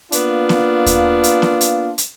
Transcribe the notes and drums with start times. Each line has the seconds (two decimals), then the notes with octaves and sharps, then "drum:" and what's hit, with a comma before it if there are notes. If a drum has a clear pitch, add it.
0.12 A#3 B3 D4 F4, drum: hi-hat
0.49 drum: snare
0.86 drum: kick D#2, hi-hat
1.23 drum: hi-hat
1.42 drum: snare
1.61 drum: hi-hat
1.98 drum: hi-hat